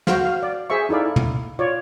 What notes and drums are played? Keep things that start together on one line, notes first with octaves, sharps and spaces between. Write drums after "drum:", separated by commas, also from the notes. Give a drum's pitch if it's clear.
F#4 C5 F5, drum: snare
F5
D5
G#4 C5 E5 C#6
D#4 E4 A4 D5 F5
drum: tom
F4 C#5 D5